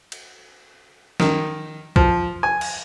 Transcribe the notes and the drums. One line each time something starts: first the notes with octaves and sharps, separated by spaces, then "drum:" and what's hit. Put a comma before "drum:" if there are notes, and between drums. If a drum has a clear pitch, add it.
drum: cymbal
D#3, drum: snare
F3, drum: kick B1
G#5
drum: cymbal